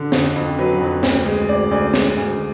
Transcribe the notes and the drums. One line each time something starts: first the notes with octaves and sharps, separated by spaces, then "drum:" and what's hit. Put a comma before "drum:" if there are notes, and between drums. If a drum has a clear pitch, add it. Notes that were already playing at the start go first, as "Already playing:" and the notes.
Already playing: D3
F2, drum: snare
F2
F#3 B4
F2
D2, drum: snare
G#3
D2 D5
D2 D5
G#3, drum: snare
D2